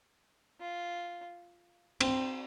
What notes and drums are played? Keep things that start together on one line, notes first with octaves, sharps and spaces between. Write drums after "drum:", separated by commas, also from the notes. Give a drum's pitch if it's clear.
F4
C4, drum: cymbal